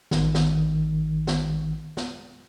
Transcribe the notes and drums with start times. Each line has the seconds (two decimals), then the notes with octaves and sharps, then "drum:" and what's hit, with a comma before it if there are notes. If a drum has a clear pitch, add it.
0.11 A1 D#3, drum: snare
0.35 drum: snare
1.27 drum: snare
1.97 drum: snare